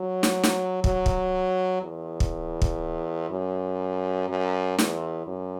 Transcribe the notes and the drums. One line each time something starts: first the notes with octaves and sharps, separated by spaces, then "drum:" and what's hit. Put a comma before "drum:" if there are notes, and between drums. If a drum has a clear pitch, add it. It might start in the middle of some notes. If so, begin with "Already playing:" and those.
Already playing: F#3
drum: snare
drum: snare
F#3, drum: kick
drum: kick
E2
drum: kick
drum: kick
F#2
F#2
E2, drum: snare
F#2